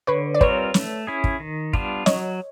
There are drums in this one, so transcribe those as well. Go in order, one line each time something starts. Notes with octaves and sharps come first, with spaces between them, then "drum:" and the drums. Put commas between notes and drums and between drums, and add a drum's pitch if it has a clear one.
D3 B4 C#5
D5
G3 C4 F4 A#4 B4 C#5, drum: kick
A3, drum: snare
C#4 E4 G#4
drum: kick
D#3
G3 B3 D4 F4, drum: kick
F#3 C#5 D#5, drum: snare